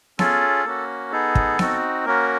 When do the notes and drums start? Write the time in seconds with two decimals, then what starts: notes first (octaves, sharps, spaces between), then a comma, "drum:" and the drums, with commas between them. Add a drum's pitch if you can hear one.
0.19 C#4 F4 G#4 A4, drum: snare B3
0.65 A#3 C#4 F#4
1.12 B3 D#4 G#4 A4
1.35 drum: kick
1.59 C4 D#4 F#4, drum: snare B3
2.05 A#3 C#4 F#4 A#4